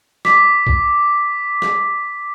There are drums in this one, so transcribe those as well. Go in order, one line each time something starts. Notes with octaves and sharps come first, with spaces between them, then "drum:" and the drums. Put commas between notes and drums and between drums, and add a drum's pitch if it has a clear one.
D6 B6, drum: snare
drum: kick B1
drum: snare